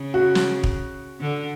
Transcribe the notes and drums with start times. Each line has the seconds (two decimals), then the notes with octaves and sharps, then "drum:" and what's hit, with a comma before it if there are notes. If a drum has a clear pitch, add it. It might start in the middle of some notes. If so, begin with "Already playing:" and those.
Already playing: C#3
0.14 F#4
0.35 drum: snare
0.64 drum: kick
1.21 D3